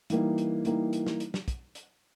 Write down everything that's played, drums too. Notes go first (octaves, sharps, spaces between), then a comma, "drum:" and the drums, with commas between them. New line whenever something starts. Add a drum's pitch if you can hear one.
E3 G3 A#3 D#4, drum: hi-hat
drum: hi-hat
E3 G3 A#3 D#4, drum: hi-hat
drum: hi-hat
drum: snare
drum: hi-hat
drum: snare
drum: kick, hi-hat
drum: hi-hat